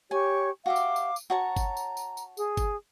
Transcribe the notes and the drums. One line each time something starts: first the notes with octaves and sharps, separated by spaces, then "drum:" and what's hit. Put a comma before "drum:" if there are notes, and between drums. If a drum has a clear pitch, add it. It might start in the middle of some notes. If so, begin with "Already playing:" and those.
G4 C#5 G#5 C#6
F#4 G4 E5 F5 D6
drum: tambourine
drum: tambourine
drum: tambourine
F#4 C#5 A5 A#5
drum: kick G1, tambourine
drum: tambourine
drum: tambourine
drum: tambourine
G#4, drum: tambourine
drum: kick G1, tambourine